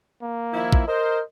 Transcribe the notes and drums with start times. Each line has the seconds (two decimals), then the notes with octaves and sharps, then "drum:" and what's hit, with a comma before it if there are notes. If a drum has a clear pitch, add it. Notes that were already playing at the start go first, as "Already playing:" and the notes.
0.22 A#3
0.53 D#3 F3 E4
0.72 drum: kick
0.88 A#4 C5 D#5